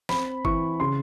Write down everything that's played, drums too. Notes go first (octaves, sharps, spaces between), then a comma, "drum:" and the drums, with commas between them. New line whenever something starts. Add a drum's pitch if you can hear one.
C4 B5, drum: snare
E3 C#6, drum: kick G1
C#3 C6